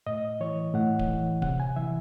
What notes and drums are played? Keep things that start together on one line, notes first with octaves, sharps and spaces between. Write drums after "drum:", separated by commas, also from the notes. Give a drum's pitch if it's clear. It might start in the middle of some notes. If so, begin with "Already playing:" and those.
A2 D#5
E3 C#5
A2 F#5
drum: kick D1
E3
C3 F#5, drum: kick D1
G#5
E3 E5